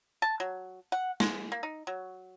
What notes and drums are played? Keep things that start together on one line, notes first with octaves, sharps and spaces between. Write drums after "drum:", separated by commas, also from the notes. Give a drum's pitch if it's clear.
A5
F#3
F#5
G#3, drum: snare
A#3
D#4
F#3